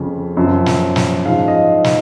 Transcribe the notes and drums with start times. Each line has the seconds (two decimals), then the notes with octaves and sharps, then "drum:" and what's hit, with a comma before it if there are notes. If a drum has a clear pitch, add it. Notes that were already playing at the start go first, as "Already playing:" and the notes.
Already playing: F2 C#3 F3
0.37 F#2 F3
0.66 drum: snare
0.96 drum: snare
1.25 G#2 F3 F5
1.48 D#5
1.84 drum: snare